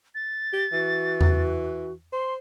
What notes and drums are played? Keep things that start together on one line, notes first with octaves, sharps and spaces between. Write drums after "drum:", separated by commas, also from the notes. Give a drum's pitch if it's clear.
A6
G4
E3 F#4
drum: tom E2
C5 C6